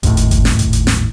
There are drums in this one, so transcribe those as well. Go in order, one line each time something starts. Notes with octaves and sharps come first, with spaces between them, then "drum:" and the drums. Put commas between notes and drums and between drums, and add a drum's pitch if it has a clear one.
G#1 D#2 A2, drum: kick G1, hi-hat
drum: hi-hat
drum: kick G1, hi-hat
drum: snare
drum: kick G1, hi-hat
drum: hi-hat
drum: snare